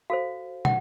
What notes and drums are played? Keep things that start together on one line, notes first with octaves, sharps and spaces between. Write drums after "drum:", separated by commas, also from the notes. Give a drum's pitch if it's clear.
F#4 A4 C5 F5
F#5, drum: tom